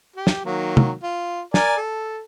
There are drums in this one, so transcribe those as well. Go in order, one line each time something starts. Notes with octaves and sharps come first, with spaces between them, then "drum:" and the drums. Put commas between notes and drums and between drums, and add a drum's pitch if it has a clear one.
G4
drum: snare
D#3 F#3 A#3
drum: tom
F4
A#4 D5 G#5, drum: snare
A4